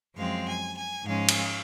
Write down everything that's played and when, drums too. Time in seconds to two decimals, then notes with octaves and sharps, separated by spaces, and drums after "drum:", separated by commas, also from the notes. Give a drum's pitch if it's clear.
0.16 F#2 F3 G#3 C4 F5
0.47 G#5
0.77 G#5
1.06 G#2 F3 G#3 C#4 F5
1.29 drum: cymbal